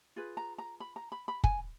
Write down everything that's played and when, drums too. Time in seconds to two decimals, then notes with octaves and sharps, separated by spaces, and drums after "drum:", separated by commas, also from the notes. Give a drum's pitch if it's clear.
0.16 F4 G#4 B4
0.37 A#5
0.58 A#5
0.80 B5
0.96 A#5
1.12 B5
1.28 B5
1.44 G#5, drum: kick